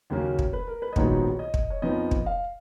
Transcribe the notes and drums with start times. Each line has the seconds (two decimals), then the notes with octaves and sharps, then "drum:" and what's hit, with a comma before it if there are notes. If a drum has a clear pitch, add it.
0.10 D#2 C#3 F#3 A#3 C#4
0.39 drum: kick
0.53 B4
0.68 A#4
0.82 B4
0.93 D#5
0.96 A#1 G#2 D#3 F#3 B3 C#5, drum: kick
1.39 D#5
1.54 drum: kick
1.70 C#5
1.82 F2 F3 B3 D#4 D#5
2.11 drum: kick
2.26 F5